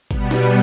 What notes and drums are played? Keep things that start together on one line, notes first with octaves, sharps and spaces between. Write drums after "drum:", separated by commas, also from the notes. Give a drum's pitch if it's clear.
B2 G3 B3, drum: kick, hi-hat
drum: snare